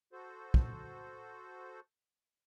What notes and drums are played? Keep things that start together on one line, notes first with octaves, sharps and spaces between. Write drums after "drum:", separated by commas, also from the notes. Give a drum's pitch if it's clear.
F#4 A4 C5
drum: kick